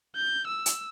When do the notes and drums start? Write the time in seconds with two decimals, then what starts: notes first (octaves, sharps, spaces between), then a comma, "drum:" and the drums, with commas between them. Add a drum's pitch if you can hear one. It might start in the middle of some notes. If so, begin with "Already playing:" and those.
0.16 G6
0.47 E6
0.66 drum: hi-hat